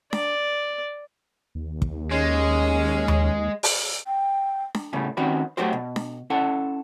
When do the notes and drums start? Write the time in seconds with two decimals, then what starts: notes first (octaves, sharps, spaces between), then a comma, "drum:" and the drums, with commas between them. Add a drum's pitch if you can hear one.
0.13 D5, drum: snare D4
1.55 D#2
1.82 drum: kick
2.11 G#3 C#4
3.08 drum: tom D#2
3.63 drum: open hi-hat
4.07 G5
4.75 drum: snare D4
4.93 A2 C#3 G3 A3 B3
5.17 D#3 C4 C#4 F#4 G4 B4
5.57 F#3 A3 D4 F#4 G4 C5
5.73 B2
5.96 drum: snare D4
6.30 C#4 E4 A4 F#5